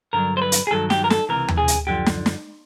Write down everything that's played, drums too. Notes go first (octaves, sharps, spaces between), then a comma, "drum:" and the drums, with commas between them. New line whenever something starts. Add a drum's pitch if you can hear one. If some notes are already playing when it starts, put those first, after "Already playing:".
G2 D3 F#3 A#4
C5
B4
drum: hi-hat
G#4
G2 D#3 F#3 A4
G4, drum: snare
A#4
A4, drum: snare
C#2 C3 E3 A#4
drum: tom D#2
G#4
drum: hi-hat
F#2 D3 F3 G4
drum: snare
drum: snare